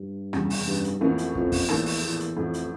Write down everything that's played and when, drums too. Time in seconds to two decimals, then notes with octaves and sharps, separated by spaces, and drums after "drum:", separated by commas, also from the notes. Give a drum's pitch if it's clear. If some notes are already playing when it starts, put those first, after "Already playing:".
Already playing: G2
0.33 F1 E2 C#3 G3, drum: rim click
0.50 drum: open hi-hat
0.67 G2
0.84 drum: hi-hat
1.01 A1 F2 A2 E3 A#3 C#4
1.18 drum: hi-hat
1.35 F2, drum: kick
1.52 drum: kick, open hi-hat
1.69 A#1 E2 A2 F3 A#3, drum: rim click
1.86 drum: open hi-hat
2.03 E2
2.20 drum: hi-hat
2.36 A1 F2 A2 E3
2.54 drum: hi-hat